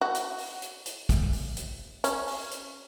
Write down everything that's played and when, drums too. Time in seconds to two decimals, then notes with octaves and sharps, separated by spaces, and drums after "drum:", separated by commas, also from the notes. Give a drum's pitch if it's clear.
0.01 F#4
0.15 drum: hi-hat
0.38 drum: open hi-hat
0.62 drum: hi-hat
0.86 drum: hi-hat
1.09 drum: kick, hi-hat
1.33 drum: open hi-hat
1.57 drum: hi-hat
2.04 C#4, drum: hi-hat
2.28 drum: open hi-hat
2.51 drum: hi-hat